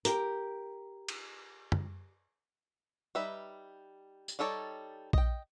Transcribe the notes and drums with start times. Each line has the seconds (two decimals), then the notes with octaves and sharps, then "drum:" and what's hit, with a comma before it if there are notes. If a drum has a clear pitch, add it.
0.05 G4 A#4, drum: hi-hat
1.09 drum: cymbal
1.72 drum: tom
3.15 G3 D#4 B4 E5
4.28 drum: tambourine
4.39 G3 D#4 A4 C#5 D5
5.13 D#5 G5, drum: kick A#1